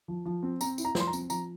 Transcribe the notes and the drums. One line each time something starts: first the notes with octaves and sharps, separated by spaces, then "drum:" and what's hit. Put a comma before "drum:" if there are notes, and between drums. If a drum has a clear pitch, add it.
F3
F3
C4
C4 A#5, drum: tambourine
E4, drum: tambourine
A#5
F3, drum: snare
C6
A#5
C4, drum: tambourine
F3 A#5, drum: tambourine